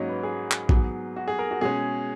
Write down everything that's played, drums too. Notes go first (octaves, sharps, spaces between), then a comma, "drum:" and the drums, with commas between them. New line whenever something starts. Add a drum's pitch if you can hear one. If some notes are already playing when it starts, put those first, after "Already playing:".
Already playing: G#2 F#3 A#3 C#4 C#5 D#5
B4
G#4
drum: clap
G#2 F#3 B3, drum: kick
F#4
G#4
A#4
F#4
B2 G#3 C#4 G#4